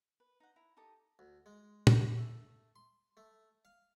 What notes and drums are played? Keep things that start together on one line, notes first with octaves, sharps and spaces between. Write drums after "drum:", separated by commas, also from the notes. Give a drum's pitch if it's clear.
B4
D#4 F#5
E4 A#5
D#4 G4 A4 D#6
D2
G#3
G4, drum: tom
A3
C6
A3
F5